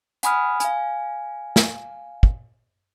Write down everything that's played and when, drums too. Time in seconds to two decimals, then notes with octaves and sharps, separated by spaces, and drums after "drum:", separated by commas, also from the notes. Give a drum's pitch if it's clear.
0.23 F#5 G#5 B5 D#6 F6, drum: hi-hat
0.60 F5 G#5, drum: hi-hat
1.56 drum: snare
2.23 drum: kick